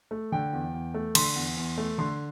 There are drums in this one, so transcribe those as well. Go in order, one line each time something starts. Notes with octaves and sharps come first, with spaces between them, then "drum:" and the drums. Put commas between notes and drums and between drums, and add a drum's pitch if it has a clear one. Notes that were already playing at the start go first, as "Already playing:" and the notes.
A3
D3 G5
E2
E2
A3
D3 C6, drum: cymbal
E2
E2
A3
D3 C6